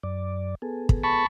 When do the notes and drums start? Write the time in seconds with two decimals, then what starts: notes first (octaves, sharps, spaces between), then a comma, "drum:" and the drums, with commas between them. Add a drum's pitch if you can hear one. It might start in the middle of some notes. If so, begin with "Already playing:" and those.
0.03 F#2 D5
0.62 B3 G#4 A4
0.89 drum: kick
1.04 A5 B5 C#6